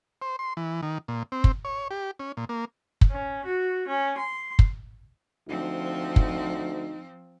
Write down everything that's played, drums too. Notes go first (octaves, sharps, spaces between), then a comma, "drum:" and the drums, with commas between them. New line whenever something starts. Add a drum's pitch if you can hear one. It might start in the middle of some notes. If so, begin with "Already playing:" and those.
C5
C6
E3
D#3
A#2
C4
drum: kick
C#5
G4
C#4
A#2
A#3
drum: kick
C#4
F#4
C#4
C6
drum: kick
D2 F3 C4 D#4
drum: kick